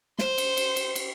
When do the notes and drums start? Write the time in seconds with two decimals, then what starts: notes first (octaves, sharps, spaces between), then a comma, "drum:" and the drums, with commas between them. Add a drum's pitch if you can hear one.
0.19 C5, drum: snare
0.38 drum: cymbal
0.57 drum: cymbal
0.76 drum: cymbal
0.95 drum: cymbal